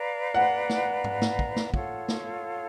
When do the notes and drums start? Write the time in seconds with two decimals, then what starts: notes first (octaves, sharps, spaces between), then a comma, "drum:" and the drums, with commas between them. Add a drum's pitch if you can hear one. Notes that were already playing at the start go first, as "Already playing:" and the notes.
Already playing: B4 D5 F5 A#5
0.34 F#5
0.69 drum: snare
1.04 drum: tom G#2
1.22 drum: snare
1.39 drum: kick
1.56 drum: snare
1.74 F4 A4 C#5 F5, drum: kick
2.08 drum: snare